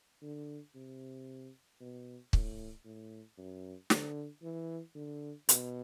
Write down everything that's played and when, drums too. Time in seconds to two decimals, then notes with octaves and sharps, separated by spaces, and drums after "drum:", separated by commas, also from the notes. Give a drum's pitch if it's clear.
0.22 D3
0.75 C3
1.80 B2
2.33 A2, drum: kick
2.85 A2
3.38 F#2
3.90 D3, drum: snare
4.43 E3
4.95 D3
5.49 B2, drum: hi-hat